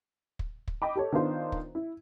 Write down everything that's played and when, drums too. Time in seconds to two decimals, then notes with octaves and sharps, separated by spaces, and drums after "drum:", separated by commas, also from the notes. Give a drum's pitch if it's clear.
0.39 drum: kick
0.68 drum: kick
0.82 D#5 G5 B5 D6
0.96 G4 A4 C#5
1.12 D#3 B3 D4 F4 C5
1.52 drum: kick
1.75 E4